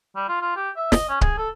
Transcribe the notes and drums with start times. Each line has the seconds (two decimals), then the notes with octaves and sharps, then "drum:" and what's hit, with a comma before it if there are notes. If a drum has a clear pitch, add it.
0.16 G3
0.28 F4
0.41 F4
0.56 G4
0.76 E5
0.92 D#5, drum: snare
1.09 C#4
1.21 G#4, drum: kick C#1
1.38 A4